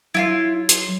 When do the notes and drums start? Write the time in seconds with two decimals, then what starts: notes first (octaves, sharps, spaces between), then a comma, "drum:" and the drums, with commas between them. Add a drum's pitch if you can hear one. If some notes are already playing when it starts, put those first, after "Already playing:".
0.14 F#3 E4 F4 C6
0.69 C6, drum: hi-hat